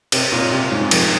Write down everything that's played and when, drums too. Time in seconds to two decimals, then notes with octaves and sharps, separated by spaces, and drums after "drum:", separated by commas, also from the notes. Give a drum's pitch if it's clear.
0.12 C3, drum: cymbal
0.32 A#2
0.51 C3
0.71 G#2
0.91 F2, drum: cymbal